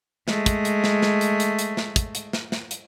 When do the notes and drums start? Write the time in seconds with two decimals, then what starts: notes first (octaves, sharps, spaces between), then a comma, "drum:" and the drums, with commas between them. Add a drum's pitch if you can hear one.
0.28 G#3 A3, drum: snare
0.46 drum: kick, hi-hat
0.65 drum: hi-hat
0.84 drum: snare
1.02 drum: snare
1.21 drum: hi-hat
1.40 drum: hi-hat
1.59 drum: hi-hat
1.77 drum: snare
1.96 drum: kick, hi-hat
2.15 drum: hi-hat
2.33 drum: snare
2.52 drum: snare
2.71 drum: hi-hat